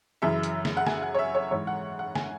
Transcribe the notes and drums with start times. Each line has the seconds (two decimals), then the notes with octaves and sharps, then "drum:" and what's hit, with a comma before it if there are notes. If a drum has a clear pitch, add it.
0.22 F#2 C#3 E3 E5
0.43 drum: hi-hat
0.65 drum: snare
0.77 F#5
0.87 G#5, drum: snare
1.02 F#5
1.14 C#5
1.19 E5
1.35 C#5
1.51 G#2 E3 C#5
1.67 F#5
1.99 F#5
2.15 G#5, drum: snare